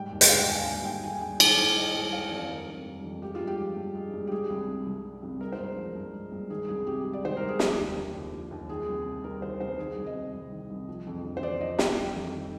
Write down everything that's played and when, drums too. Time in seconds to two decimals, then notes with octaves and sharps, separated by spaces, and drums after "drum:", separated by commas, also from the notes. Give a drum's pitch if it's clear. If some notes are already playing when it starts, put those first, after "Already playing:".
Already playing: G#2 G3 G5
0.12 D#2
0.21 G5, drum: hi-hat
0.29 D3 F5
0.37 G5
0.48 D#2 G#5
0.66 G3 G#5
0.85 D#2 G5
1.03 G#3 G#5
1.21 G2 G5
1.40 D#3, drum: cymbal
1.57 G2 G5
1.76 G#3 D#5
1.94 G2 G5
2.12 G3 F5
2.31 F2 D5
2.49 D#3 A#4
2.67 F2
2.86 G3
3.04 F2
3.22 G#3 G4
3.35 F4
3.40 G2
3.47 G4
3.59 F3
3.76 G2
3.95 G#3
4.14 G2
4.27 G4
4.32 G3 G#4
4.50 C2
4.68 C3
4.86 C2
5.05 G3
5.23 C2
5.41 G#3 A#4
5.52 C5
5.59 G2 A#4
5.77 F3
5.96 G2
6.14 G#3
6.32 G2
6.50 D#3 G#4
6.68 C2 G#4
6.87 C3 G4
7.05 G#3
7.13 D5
7.23 D#3 C5
7.37 C2 A#4
7.48 G#4
7.59 F3 G4, drum: snare
7.78 D#2
7.96 D3
8.14 D#2
8.32 F3
8.51 D#2
8.69 D#3 G#4
8.87 C2
9.06 C3
9.24 G3 A#4
9.41 D#3 C5
9.60 C2 C5
9.78 D#3 G#4
9.97 C2
10.06 D#5
10.15 C3
10.33 C2
10.51 D#3
10.70 C2
10.89 F3
11.07 F2
11.24 D3
11.37 C5
11.42 F2 D5
11.61 F3 D#5
11.79 F2 G5, drum: snare
11.97 G3
12.16 F2
12.34 D#3